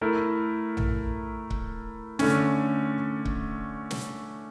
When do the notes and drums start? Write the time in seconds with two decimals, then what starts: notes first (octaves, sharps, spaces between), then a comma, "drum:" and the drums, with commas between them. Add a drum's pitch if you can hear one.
0.01 A3 E4 A#4
0.77 drum: tom A#1
1.50 drum: kick C#1
2.19 D3 A3 C#4, drum: snare
3.25 drum: kick C#1
3.91 drum: snare